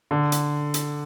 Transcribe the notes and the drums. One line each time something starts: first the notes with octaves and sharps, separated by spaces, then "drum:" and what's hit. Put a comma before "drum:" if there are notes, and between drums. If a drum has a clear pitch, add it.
D3
drum: hi-hat
drum: hi-hat